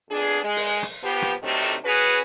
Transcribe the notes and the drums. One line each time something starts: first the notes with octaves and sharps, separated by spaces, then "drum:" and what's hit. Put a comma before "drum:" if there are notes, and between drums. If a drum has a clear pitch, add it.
F2 B3 D4 G#4
G#3
drum: open hi-hat
drum: rim click
F3 B3 G4
drum: rim click
D2 G2 C3 D#3 F#3 A3
drum: hi-hat
C#4 F#4 G#4 B4